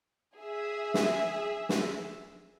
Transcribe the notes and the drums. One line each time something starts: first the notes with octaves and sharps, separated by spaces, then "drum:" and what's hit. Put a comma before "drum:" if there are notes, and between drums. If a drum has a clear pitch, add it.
G#4 E5
drum: snare
drum: snare